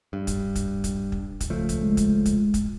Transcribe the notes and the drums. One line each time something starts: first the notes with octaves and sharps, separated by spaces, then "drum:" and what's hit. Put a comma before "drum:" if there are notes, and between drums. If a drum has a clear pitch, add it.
G2
drum: kick, hi-hat
drum: kick, hi-hat
drum: kick, hi-hat
drum: kick
drum: kick, hi-hat
C#2 F3 A3
drum: kick, hi-hat
G#3
drum: kick, hi-hat
drum: kick, hi-hat
drum: kick, hi-hat